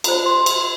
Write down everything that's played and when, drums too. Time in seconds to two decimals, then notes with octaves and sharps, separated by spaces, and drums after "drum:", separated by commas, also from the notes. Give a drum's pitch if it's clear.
0.04 F4 A4 C5 A#5, drum: cymbal
0.26 C6
0.46 drum: cymbal